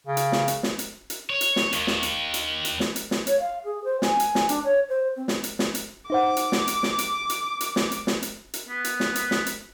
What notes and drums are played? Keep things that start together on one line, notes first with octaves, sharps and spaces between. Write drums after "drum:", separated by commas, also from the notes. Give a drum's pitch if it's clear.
C#3
drum: hi-hat
drum: snare
drum: hi-hat
drum: snare
drum: hi-hat
drum: hi-hat
C#5
drum: hi-hat
drum: snare
D#2, drum: hi-hat
drum: snare
drum: hi-hat
drum: hi-hat
drum: hi-hat
drum: snare
drum: hi-hat
drum: snare
C#5, drum: hi-hat
F5
G#4
C5
G#5, drum: snare
drum: hi-hat
drum: snare
D4, drum: hi-hat
C#5
C5
C4
drum: snare
drum: hi-hat
drum: snare
drum: hi-hat
D#4 C5 F#5 D6
drum: hi-hat
drum: snare
drum: hi-hat
drum: snare
drum: hi-hat
drum: hi-hat
drum: hi-hat
drum: snare
drum: hi-hat
drum: snare
drum: hi-hat
drum: hi-hat
B3
drum: hi-hat
drum: snare
drum: hi-hat
drum: snare
drum: hi-hat